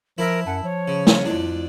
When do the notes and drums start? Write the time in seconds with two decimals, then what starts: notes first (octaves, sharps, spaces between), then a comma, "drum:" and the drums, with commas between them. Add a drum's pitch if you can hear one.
0.18 F3 E4 A#4 E5
0.47 F#2 F#5 A5
0.63 F3 C#5
0.88 C#3
1.07 drum: snare
1.26 F2 D4 E4